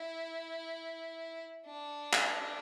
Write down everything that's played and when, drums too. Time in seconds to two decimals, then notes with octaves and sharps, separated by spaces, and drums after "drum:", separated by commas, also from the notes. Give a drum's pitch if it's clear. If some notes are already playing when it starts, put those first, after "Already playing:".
Already playing: E4
1.66 D4
2.13 drum: clap